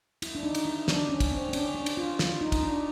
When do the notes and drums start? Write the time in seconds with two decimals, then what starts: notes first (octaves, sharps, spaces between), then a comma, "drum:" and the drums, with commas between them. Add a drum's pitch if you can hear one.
0.22 E4, drum: cymbal
0.35 D4
0.43 D#4
0.55 drum: cymbal
0.65 E4
0.88 D4, drum: snare
1.09 C#4
1.20 drum: kick, cymbal
1.32 C4
1.49 D4
1.53 C#4, drum: cymbal
1.75 D4
1.86 drum: cymbal
1.97 F4
2.19 F4, drum: snare
2.41 D#4
2.52 drum: kick, cymbal
2.63 D4